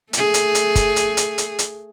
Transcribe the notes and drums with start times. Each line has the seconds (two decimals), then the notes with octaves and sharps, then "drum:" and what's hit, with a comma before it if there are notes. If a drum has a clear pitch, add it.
0.13 A3 G#4, drum: hi-hat
0.34 drum: hi-hat
0.55 drum: hi-hat
0.75 drum: kick, hi-hat
0.96 drum: hi-hat
1.17 drum: hi-hat
1.38 drum: hi-hat
1.59 drum: hi-hat